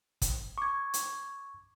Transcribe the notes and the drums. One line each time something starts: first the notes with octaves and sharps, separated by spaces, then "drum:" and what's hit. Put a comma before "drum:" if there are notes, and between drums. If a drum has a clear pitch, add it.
drum: kick, hi-hat
C#6 D6 G#6
drum: hi-hat